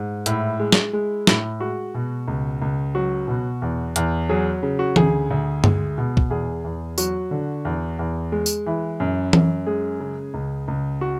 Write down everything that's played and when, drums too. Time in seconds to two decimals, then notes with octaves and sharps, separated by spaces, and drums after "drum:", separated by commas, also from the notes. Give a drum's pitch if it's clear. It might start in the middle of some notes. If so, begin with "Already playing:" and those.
Already playing: G#2
0.26 A2 E4, drum: hi-hat
0.60 G#3
0.72 drum: snare
0.93 G#3
1.27 A2, drum: snare
1.60 G#3 F#4
1.94 B2
2.28 C#2
2.62 C#2
2.95 F#3 F#4
3.28 B2
3.62 E2
3.96 E2, drum: hi-hat
4.29 F#3 G#4
4.63 C#3
4.79 F#4
4.96 D2 G#4, drum: tom E3
5.31 D2
5.64 G#3, drum: tom G2
5.98 B2
6.17 drum: kick
6.30 E2 G#4
6.64 E2
6.98 F#3 F#4, drum: tambourine
7.31 D3
7.65 E2
7.99 E2
8.32 G#3
8.46 drum: tambourine
8.66 E3
9.00 F#2
9.33 F#2, drum: tom E3
9.66 G#3 G#4
10.00 C#3
10.34 C#2
10.68 C#2
11.01 F#4